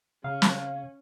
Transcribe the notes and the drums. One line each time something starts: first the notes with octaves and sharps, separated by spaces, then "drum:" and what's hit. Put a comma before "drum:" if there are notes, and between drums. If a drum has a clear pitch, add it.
C#3 C#4 F5
drum: snare